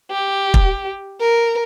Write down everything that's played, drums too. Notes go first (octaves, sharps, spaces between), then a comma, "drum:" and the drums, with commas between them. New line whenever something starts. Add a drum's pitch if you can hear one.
G4
drum: kick
A#4